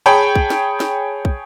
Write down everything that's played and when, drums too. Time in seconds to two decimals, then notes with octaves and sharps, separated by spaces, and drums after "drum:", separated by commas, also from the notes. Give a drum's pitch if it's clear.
0.06 G#4 C#5 G5 A5 B5
0.35 drum: kick
0.50 drum: snare
0.80 drum: snare
1.25 drum: kick